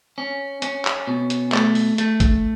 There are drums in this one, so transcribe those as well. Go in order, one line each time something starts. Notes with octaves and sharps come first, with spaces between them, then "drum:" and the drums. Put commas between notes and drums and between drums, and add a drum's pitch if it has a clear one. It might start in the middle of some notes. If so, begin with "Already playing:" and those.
C#4
C#4, drum: hi-hat
drum: clap
B2
drum: hi-hat
A3, drum: clap
drum: open hi-hat
A3, drum: hi-hat
drum: kick, hi-hat